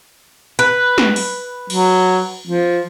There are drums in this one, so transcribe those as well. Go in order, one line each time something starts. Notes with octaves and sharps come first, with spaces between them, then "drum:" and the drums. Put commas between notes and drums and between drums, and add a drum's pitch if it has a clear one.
B4, drum: hi-hat
drum: snare
drum: open hi-hat
F#3, drum: cymbal
F3